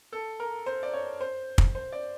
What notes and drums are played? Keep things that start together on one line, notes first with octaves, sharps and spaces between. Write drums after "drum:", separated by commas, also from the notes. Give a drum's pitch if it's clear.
A4
A#4
C5
D5
C#5
C5
drum: kick
C5
D5